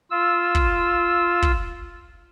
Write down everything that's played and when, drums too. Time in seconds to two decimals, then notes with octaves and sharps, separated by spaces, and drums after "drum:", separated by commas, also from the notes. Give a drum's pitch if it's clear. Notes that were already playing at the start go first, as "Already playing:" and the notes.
0.11 F4 E6
0.55 drum: kick
1.43 drum: kick